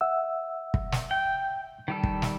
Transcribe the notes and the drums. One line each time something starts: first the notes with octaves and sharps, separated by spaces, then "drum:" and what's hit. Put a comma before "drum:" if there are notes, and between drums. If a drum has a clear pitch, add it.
E5 F#5 E6
drum: kick
drum: snare
G5
D#3 G3 A4
drum: kick
drum: snare